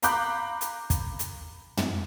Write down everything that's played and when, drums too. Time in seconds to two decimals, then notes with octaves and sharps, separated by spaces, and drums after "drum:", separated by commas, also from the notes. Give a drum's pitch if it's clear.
0.03 F5 A#5 B5 D6 F#6 G6, drum: hi-hat
0.61 drum: hi-hat
0.90 drum: kick, hi-hat
1.19 drum: hi-hat
1.77 drum: tom